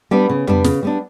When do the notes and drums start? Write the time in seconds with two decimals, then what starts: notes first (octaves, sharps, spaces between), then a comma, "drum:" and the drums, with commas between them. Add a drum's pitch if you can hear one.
0.11 G3 B3 D4
0.29 C#3
0.47 G3 B3 D4, drum: tom F2
0.64 C#3, drum: snare
0.83 G3 B3 D4